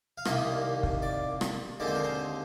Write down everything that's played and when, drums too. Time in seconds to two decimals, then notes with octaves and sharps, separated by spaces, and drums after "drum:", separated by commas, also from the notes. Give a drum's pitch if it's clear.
0.18 F5
0.25 C2 C3 D#3 A#3 D#5, drum: rim click
0.83 drum: kick
1.02 D5
1.41 drum: rim click
1.80 D#2 D3 G#3 C4 D5
1.87 C5
1.95 A#4
2.04 C5